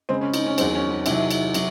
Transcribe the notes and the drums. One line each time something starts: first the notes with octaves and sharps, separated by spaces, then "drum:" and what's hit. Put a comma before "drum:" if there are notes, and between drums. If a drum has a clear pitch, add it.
C#3 G#3 C4
C#4
D#4, drum: cymbal
C#4
E2 D#3 F#3 C4, drum: cymbal
C#4
C#4
C3 D#3 F#3 E4, drum: cymbal
drum: cymbal
C3 F#3, drum: cymbal